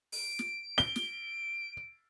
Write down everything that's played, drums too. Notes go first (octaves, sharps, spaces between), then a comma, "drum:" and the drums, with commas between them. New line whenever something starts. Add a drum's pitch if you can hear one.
D7, drum: open hi-hat
drum: snare
G7, drum: snare
drum: snare